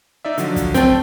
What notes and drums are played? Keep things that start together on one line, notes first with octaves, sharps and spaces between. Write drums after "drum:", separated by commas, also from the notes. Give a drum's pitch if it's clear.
D#4 D5 E5
D3 F3 F#3, drum: hi-hat
drum: kick, hi-hat
A3 C4 G5, drum: kick, hi-hat